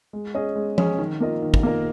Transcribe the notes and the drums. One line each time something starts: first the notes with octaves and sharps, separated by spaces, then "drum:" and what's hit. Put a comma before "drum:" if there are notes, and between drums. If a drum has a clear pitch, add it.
G#3
C#4 G#4 D#5
G#3
C#4 G#4 D#5, drum: tom F3
D#3
A#3 F4 A#4 D#5
D#3
drum: kick
A#3 F4 A#4 D#5